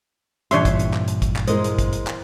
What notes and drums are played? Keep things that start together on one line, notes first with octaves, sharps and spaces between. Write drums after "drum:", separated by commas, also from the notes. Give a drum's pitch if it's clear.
G2 A#2 E3 D4 G4 C#5 E5 C6, drum: hi-hat
drum: kick, hi-hat
drum: hi-hat
drum: clap
drum: hi-hat
drum: kick, hi-hat
drum: clap
G#3 E4 A#4 C5 D#5, drum: hi-hat
drum: hi-hat
drum: kick, hi-hat
drum: hi-hat
drum: clap